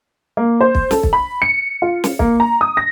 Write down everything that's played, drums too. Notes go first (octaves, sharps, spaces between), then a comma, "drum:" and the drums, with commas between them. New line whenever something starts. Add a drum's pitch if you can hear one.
A#3
C5
drum: kick
A4, drum: snare
drum: kick
B5
C#7
F4
drum: snare
A#3, drum: kick
A#5
D#6
A#6